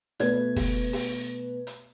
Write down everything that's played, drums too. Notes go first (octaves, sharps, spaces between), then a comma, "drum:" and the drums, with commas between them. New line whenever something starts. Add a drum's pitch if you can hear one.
B2 A3 B4 G#6, drum: hi-hat
drum: kick, open hi-hat
drum: open hi-hat
drum: hi-hat